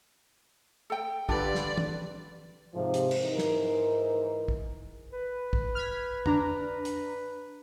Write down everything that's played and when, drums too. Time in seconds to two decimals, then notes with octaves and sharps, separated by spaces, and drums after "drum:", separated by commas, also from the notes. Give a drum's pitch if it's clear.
0.90 A4 G5
1.29 D3 G3 D4 F4 B4 D5, drum: kick
1.55 drum: snare
1.78 drum: tom
2.75 G#2 C3 F3
2.94 drum: hi-hat
3.11 drum: cymbal
3.20 G#2 E3 D#4 A#4
3.38 drum: snare
4.48 drum: kick
5.13 B4
5.53 drum: kick
5.75 F6 G#6 B6
6.26 D4 A#5, drum: tom
6.85 drum: hi-hat